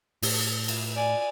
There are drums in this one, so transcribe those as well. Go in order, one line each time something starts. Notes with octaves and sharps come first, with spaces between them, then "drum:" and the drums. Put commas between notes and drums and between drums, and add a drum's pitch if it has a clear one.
A2, drum: open hi-hat
drum: cymbal
D5 G#5